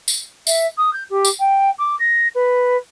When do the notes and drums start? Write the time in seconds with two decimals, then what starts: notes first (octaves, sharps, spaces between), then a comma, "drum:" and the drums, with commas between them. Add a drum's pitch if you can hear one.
0.08 drum: tambourine
0.47 E5, drum: tambourine
0.78 D#6
0.93 G6
1.10 G4
1.25 drum: tambourine
1.39 G5
1.78 D6
1.99 A#6
2.35 B4